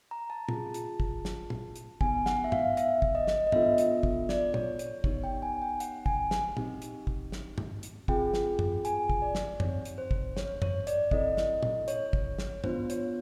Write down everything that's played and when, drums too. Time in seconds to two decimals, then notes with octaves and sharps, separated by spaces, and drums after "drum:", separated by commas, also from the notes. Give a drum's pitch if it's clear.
0.11 A#5
0.30 A5
0.49 C#4 F4 G#4, drum: tom
0.74 drum: hi-hat
1.00 drum: kick
1.25 drum: snare
1.50 drum: tom
1.76 drum: hi-hat
2.01 B3 D#4 G4 G#5, drum: kick
2.26 F#5, drum: snare
2.44 E5
2.52 F5, drum: tom G2
2.77 E5, drum: hi-hat
3.02 drum: kick
3.15 D#5
3.27 drum: snare
3.47 D#5
3.52 B3 D4 F4 A4 E5, drum: tom G2
3.78 drum: hi-hat
4.03 drum: kick
4.29 D5, drum: snare
4.54 C#5, drum: tom
4.79 C#5, drum: hi-hat
5.04 B3 D#4 G4 C#5, drum: kick
5.24 G5
5.42 G#5
5.62 G5
5.80 F#5, drum: hi-hat
6.06 G#5, drum: kick
6.31 drum: snare
6.57 C4 D#4 G4, drum: tom
6.82 drum: hi-hat
7.07 drum: kick
7.32 drum: snare
7.58 drum: tom G2
7.83 drum: hi-hat
8.08 C4 F4 G#4 G5, drum: kick
8.34 drum: snare
8.59 drum: tom F#2
8.85 G#5, drum: hi-hat
9.09 drum: kick
9.22 D5
9.35 drum: snare
9.60 C4 D#4 G4 C#5, drum: tom F#2
9.85 drum: hi-hat
9.98 C5
10.11 drum: kick
10.37 C#5, drum: snare
10.62 C#5, drum: tom F#2
10.87 D5, drum: hi-hat
11.11 C4 E4 A4 D#5, drum: kick
11.37 drum: snare
11.63 drum: tom
11.88 C#5, drum: hi-hat
12.13 drum: kick
12.38 drum: snare
12.64 B3 D4 F4 C5, drum: tom G2
12.90 C#5, drum: hi-hat